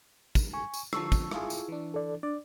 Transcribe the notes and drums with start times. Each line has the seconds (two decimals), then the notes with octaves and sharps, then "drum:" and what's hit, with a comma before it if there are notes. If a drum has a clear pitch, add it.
0.35 drum: kick, tambourine
0.53 G#5 C#6
0.74 drum: tambourine
0.93 D3 F3 A5 C#6 E6, drum: rim click
1.12 drum: kick, tambourine
1.31 E4 F4 G#4, drum: rim click
1.50 drum: tambourine
1.68 E3 D4
1.94 A4 D5
2.23 D4 D5